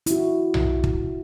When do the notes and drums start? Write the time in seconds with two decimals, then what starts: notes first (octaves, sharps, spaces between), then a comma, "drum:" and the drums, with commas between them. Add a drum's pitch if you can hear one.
0.06 E4 F#4, drum: hi-hat
0.54 drum: tom B1
0.84 drum: kick